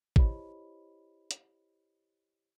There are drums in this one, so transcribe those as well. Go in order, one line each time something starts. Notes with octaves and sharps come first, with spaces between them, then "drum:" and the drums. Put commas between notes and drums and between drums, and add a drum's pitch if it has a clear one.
E4 G4 C5 C#5 D#5 B5, drum: kick A1
drum: hi-hat